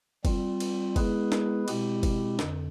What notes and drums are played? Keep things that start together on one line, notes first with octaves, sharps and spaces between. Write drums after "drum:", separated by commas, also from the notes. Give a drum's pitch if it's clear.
G3 C4 F4, drum: kick F#1, cymbal
drum: cymbal
G#3 B3 E4 G#4 B4, drum: kick F#1, cymbal
drum: snare
B2 G#3 C4 E4 G4, drum: cymbal
drum: kick F#1, cymbal
F2 D3, drum: snare